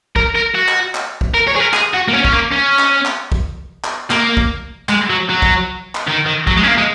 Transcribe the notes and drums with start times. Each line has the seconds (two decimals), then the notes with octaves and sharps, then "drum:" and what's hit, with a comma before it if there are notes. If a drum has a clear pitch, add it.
0.16 A#4, drum: kick
0.36 A#4
0.55 F#4
0.68 drum: clap
0.95 drum: clap
1.21 drum: kick
1.34 A#4
1.47 C#5
1.56 G#4
1.60 A#4
1.74 G#4, drum: clap
1.94 F#4
2.08 A#3
2.13 C#4
2.25 C#4, drum: kick
2.33 A#3
2.52 C#4
2.79 drum: clap
3.05 drum: clap
3.32 drum: kick
3.84 drum: clap
4.11 A#3, drum: clap
4.37 drum: kick
4.89 G#3, drum: clap
5.10 F#3
5.29 F#3
5.42 drum: kick
5.95 drum: clap
6.07 D#3
6.26 D#3
6.47 F#3, drum: kick
6.57 G#3
6.63 C#4
6.68 A#3
6.78 G#3